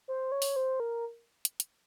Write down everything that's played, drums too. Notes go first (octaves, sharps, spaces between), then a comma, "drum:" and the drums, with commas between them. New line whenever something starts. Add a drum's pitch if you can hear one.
C5
C#5
drum: open hi-hat
C5
A#4
drum: hi-hat
drum: hi-hat